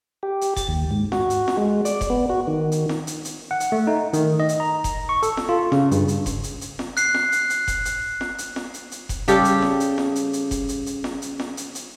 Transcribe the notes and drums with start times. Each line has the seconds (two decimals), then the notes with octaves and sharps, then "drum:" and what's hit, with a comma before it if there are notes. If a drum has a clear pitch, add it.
0.23 G4
0.41 drum: hi-hat
0.56 A6, drum: kick F1, hi-hat
0.68 D#2
0.91 G#2
1.12 F#4, drum: snare
1.30 drum: hi-hat
1.48 drum: snare
1.57 G#3
1.85 D5, drum: hi-hat
2.01 drum: kick F1, hi-hat
2.10 B3
2.30 F#4
2.47 D#3
2.72 drum: hi-hat
2.89 drum: snare
3.07 drum: hi-hat
3.25 drum: hi-hat
3.51 F#5
3.60 drum: hi-hat
3.72 A3
3.87 D#4
4.13 D#3, drum: hi-hat
4.40 D#5
4.49 drum: hi-hat
4.60 A#5
4.84 drum: kick F1, hi-hat
5.09 C#6
5.23 A4, drum: hi-hat
5.37 drum: snare
5.49 F4
5.72 C#3, drum: snare
5.91 G2, drum: hi-hat
6.08 drum: hi-hat
6.26 drum: kick F1, hi-hat
6.44 drum: hi-hat
6.61 drum: hi-hat
6.79 drum: snare
6.97 F#6 C7, drum: hi-hat
7.14 drum: snare
7.32 drum: hi-hat
7.50 drum: hi-hat
7.68 drum: kick F1, hi-hat
7.85 drum: hi-hat
8.21 drum: snare
8.38 drum: hi-hat
8.56 drum: snare
8.74 drum: hi-hat
8.92 drum: hi-hat
9.09 drum: kick F1, hi-hat
9.28 C#3 G3 G4 A4, drum: hi-hat
9.45 drum: hi-hat
9.62 drum: snare
9.80 drum: hi-hat
9.98 drum: snare
10.16 drum: hi-hat
10.33 drum: hi-hat
10.51 drum: kick F1, hi-hat
10.69 drum: hi-hat
10.86 drum: hi-hat
11.04 drum: snare
11.22 drum: hi-hat
11.39 drum: snare
11.57 drum: hi-hat
11.75 drum: hi-hat